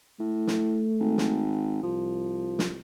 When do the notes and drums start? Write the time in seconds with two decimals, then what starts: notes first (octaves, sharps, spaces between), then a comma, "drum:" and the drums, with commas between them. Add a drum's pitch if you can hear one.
0.20 A2 A3
0.47 drum: snare
1.00 G#1
1.18 drum: snare
1.83 C2 F3
2.59 drum: snare